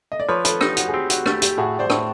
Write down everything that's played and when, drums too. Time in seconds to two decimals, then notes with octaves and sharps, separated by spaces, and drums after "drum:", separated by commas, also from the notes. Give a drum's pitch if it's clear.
0.12 D#5
0.20 D5
0.29 F3 B4 C#5
0.45 A4 B4, drum: hi-hat
0.61 D#4 G4, drum: rim click
0.77 F#4, drum: hi-hat
0.88 G#4
0.93 C4 G4
1.10 F#4, drum: hi-hat
1.26 A3 G4, drum: rim click
1.42 G4, drum: hi-hat
1.58 A2 F#4 G#4
1.79 C5 D5
1.90 A2, drum: rim click